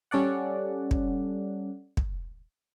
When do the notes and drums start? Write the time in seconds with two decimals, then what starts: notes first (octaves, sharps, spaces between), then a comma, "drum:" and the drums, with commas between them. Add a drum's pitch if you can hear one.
0.11 G3 C#4 A4 D5 F#5
0.91 drum: kick
1.97 drum: kick